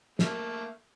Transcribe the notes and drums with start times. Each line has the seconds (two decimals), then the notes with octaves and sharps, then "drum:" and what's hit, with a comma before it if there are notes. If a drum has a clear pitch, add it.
0.19 A3 A#3, drum: snare